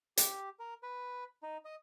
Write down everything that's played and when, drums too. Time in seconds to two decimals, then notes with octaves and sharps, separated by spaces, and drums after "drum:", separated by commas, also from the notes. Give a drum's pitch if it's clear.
0.17 G4, drum: hi-hat
0.59 A#4
0.83 B4
1.43 D#4
1.65 D#5